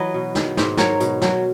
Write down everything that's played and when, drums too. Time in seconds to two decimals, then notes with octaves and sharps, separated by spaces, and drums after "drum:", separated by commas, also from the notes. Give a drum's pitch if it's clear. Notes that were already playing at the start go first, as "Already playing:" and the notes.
Already playing: E3 F#3 B4 D#5
0.14 B2
0.35 D#3, drum: snare
0.57 G#2, drum: snare
0.77 F#3 A#4 C#5, drum: snare
1.00 B2, drum: hi-hat
1.22 F#3, drum: snare